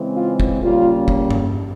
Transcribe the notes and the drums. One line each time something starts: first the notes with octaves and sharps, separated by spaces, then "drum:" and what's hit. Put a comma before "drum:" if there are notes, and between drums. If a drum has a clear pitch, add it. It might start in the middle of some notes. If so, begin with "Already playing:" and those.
Already playing: C#3 E3 G#3 C4
F4
drum: kick
C#3 G3 A#3 C#4 F4
drum: kick
drum: tom G2